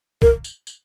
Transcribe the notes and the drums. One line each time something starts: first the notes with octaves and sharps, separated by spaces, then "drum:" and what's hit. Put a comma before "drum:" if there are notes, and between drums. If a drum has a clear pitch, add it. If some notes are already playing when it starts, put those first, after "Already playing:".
A#4, drum: kick
drum: tambourine
drum: tambourine